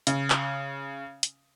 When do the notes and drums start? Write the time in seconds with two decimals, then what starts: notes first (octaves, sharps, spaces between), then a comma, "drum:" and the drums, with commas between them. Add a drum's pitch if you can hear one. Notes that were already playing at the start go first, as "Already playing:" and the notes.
0.07 C#3, drum: hi-hat
0.30 drum: clap
1.23 drum: hi-hat